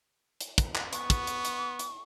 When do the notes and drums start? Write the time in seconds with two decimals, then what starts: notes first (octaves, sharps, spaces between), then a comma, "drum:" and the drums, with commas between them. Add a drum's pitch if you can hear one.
0.41 drum: hi-hat
0.58 drum: kick, hi-hat
0.75 drum: clap
0.93 B3 C#6, drum: hi-hat
1.10 drum: kick, hi-hat
1.27 drum: hi-hat
1.45 drum: hi-hat
1.79 drum: hi-hat